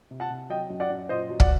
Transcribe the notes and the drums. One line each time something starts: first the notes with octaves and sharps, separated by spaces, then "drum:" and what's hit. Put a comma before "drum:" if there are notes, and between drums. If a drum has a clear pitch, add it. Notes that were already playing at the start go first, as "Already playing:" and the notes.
C3
F#5 A5
C3
F#3 D#5 G5
F#2
D5 F#5
F#2
A#2 C5 D#5
F#3
D5 F#5, drum: kick